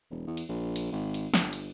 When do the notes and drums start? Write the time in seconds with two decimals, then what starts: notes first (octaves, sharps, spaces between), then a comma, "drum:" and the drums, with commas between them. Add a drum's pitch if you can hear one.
0.11 E1
0.27 E2
0.37 drum: cymbal
0.49 A#1
0.76 drum: cymbal
0.92 G#1
1.14 drum: cymbal
1.34 G1, drum: snare
1.53 drum: cymbal